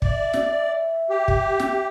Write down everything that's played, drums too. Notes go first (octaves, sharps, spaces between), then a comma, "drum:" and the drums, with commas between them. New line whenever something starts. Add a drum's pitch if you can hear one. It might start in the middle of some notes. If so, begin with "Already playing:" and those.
D5 E5, drum: kick
drum: snare
G4
drum: kick
drum: snare